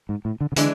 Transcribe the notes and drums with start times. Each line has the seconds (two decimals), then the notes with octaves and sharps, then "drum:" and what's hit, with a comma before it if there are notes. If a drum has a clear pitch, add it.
0.09 G#2
0.25 A2
0.41 D3
0.52 C#3
0.56 D3 E3 G#3 D4, drum: hi-hat